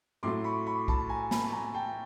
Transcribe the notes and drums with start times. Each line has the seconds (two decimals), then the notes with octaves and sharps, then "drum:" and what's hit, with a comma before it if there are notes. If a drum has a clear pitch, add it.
0.23 A2 F#3 A3 C6 D6
0.44 B5 C#6
0.66 B5 C#6
0.88 A5 B5, drum: kick B1
1.09 G#5 A#5
1.31 A5 B5, drum: snare
1.41 A5
1.52 G#5 A#5
1.74 G5 A5